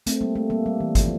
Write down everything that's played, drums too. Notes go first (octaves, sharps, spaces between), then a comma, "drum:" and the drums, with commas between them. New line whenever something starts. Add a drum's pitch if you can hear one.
A3 C4, drum: hi-hat
G3 A#3
A3
G3 A#3
G3
E3
F3, drum: kick, hi-hat